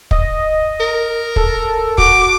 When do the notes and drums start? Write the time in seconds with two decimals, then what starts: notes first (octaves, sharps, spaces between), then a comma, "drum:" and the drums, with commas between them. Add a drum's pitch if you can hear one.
0.11 D#5, drum: kick
0.80 A#4
1.36 A4, drum: kick
1.98 F#4 D6, drum: kick